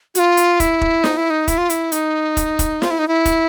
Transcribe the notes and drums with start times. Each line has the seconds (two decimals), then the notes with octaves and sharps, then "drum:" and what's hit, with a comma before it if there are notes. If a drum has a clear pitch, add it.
0.15 F#4, drum: hi-hat
0.19 F4
0.37 drum: hi-hat
0.60 E4, drum: kick, hi-hat
0.81 drum: kick
1.04 D#4, drum: snare
1.17 E4
1.30 D#4
1.48 E4, drum: kick, hi-hat
1.58 F4
1.70 E4, drum: hi-hat
1.92 D#4, drum: hi-hat
2.37 drum: kick, hi-hat
2.59 drum: kick, hi-hat
2.82 F4, drum: snare
2.91 E4
2.99 D#4
3.08 E4
3.25 drum: kick, hi-hat